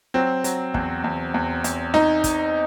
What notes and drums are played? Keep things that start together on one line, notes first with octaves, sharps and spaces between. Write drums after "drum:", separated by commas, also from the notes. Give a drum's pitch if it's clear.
F#3 C4
F#3, drum: hi-hat
E2, drum: kick
E2
E2
E2, drum: hi-hat
D#4, drum: snare
drum: kick, hi-hat